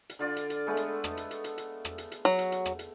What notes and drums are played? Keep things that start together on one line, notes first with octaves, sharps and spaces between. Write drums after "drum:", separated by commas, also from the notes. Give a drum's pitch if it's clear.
drum: hi-hat
D3 F4 D5
drum: hi-hat
drum: hi-hat
G#3 A3 B3
drum: hi-hat
drum: rim click
drum: hi-hat
drum: hi-hat
drum: hi-hat
drum: hi-hat
drum: rim click
drum: hi-hat
drum: hi-hat
F#3, drum: hi-hat
drum: hi-hat
drum: hi-hat
drum: rim click
drum: hi-hat